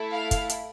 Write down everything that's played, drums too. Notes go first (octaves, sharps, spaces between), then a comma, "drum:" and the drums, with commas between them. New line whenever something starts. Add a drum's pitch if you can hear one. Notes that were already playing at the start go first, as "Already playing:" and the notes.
Already playing: A3 E4 A4
F5
drum: kick, hi-hat
drum: hi-hat